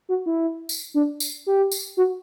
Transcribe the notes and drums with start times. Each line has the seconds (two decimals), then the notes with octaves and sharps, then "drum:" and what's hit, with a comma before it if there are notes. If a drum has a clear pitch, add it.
0.09 F#4
0.26 E4
0.69 drum: tambourine
0.94 D4
1.20 drum: tambourine
1.47 G4
1.72 drum: tambourine
1.97 F#4